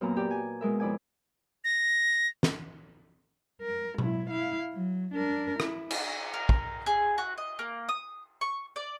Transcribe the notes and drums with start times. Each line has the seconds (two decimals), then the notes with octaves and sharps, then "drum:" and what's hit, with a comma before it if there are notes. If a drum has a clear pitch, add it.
0.01 F#2 A#2 B3 A#5
0.17 G4 D5
0.31 G#5
0.61 B2 G#3 A#4 E5
0.80 F2 E4 D5 G#5
1.64 A#6
2.43 drum: snare
3.62 A#4
3.98 F#3 E4, drum: tom B2
4.30 E4 F5
4.74 F#3
5.14 D4 A#4
5.60 E4, drum: rim click
5.91 drum: cymbal
6.34 A#4
6.49 drum: kick
6.86 G#4
7.18 F#4
7.38 D#5
7.59 A#3
7.89 D#6
8.41 C#6
8.76 D5